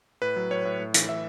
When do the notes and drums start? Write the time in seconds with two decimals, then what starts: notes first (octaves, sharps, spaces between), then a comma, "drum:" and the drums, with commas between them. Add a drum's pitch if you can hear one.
0.22 A2 B4
0.36 F#3
0.51 A2 C#5
0.65 A2
0.80 A2
0.94 E3, drum: hi-hat
1.09 E3 E5